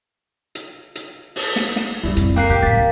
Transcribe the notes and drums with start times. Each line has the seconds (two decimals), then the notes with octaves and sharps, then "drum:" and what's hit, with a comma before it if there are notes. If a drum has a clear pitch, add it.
0.55 drum: hi-hat
0.95 drum: hi-hat
1.36 drum: open hi-hat
1.56 drum: snare
1.76 drum: snare
2.04 G2 E3 G3 E4
2.16 F2, drum: hi-hat
2.36 A#3 G5 F#6 C7
2.50 A1 G4
2.63 A1 A6 B6
2.77 D#2